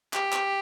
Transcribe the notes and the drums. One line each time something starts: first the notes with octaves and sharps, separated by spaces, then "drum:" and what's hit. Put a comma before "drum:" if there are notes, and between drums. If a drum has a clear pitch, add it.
G4, drum: clap
drum: clap